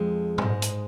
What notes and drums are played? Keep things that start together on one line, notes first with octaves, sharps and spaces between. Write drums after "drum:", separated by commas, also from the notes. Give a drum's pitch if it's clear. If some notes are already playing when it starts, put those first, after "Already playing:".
Already playing: F2 F3 G#3 G#4
G#2 G#3, drum: tom
drum: hi-hat